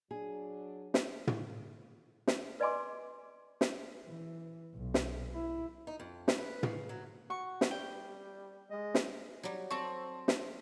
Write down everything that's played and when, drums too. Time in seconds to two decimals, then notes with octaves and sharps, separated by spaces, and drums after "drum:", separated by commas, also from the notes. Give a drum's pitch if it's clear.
0.11 F#3 D4 G#4
0.94 drum: snare
1.27 drum: tom
2.27 drum: snare
2.60 B4 D5 D#5 G#5 C6 D6
3.61 drum: snare
4.06 E3
4.75 B1
4.94 drum: snare
5.34 E4
5.87 D#4
6.00 F2
6.28 drum: snare
6.38 B4
6.63 C#3, drum: tom
6.89 F#3
7.30 F#4 C#6
7.61 drum: snare
7.71 G3 G5
8.71 G#3 D#5
8.95 drum: snare
9.43 F#3 G3
9.70 C4 A4 C#6
10.28 drum: snare